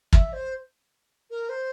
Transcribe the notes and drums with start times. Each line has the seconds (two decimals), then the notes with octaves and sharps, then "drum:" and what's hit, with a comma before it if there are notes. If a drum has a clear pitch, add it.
0.13 E5, drum: kick
0.32 C5
1.30 A#4
1.49 C5